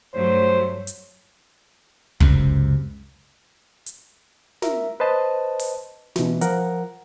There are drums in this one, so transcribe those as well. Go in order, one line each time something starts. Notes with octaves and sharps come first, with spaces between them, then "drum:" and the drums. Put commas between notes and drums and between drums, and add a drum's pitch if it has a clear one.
G2 F#3 A3 C5 C#5
drum: hi-hat
C#2 F#2 C3, drum: kick
drum: hi-hat
A#4 E5, drum: snare
B4 C5 D#5 A5
drum: open hi-hat
B2 E3, drum: snare
F3 A#4 F#5, drum: hi-hat